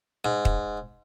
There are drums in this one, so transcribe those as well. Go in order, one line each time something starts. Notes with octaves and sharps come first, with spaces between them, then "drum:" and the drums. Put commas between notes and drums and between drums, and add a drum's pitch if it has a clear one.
G#2
drum: kick